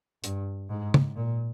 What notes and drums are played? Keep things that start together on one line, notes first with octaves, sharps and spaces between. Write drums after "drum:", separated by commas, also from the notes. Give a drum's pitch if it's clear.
G2, drum: hi-hat
G#2
drum: tom
A#2